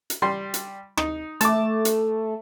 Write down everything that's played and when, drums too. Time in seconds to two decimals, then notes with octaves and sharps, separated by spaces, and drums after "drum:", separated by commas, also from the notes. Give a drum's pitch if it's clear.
0.10 drum: hi-hat
0.22 G3 C6
0.54 drum: hi-hat
0.97 D#4, drum: rim click
1.41 A3 A5 D6, drum: hi-hat
1.85 drum: hi-hat